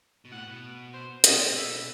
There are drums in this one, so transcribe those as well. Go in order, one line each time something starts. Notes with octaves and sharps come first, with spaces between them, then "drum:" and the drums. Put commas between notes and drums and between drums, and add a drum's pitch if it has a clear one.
B2
A2 F#5
B2
C5
C3 D#5, drum: hi-hat
B2
B2 E5
B2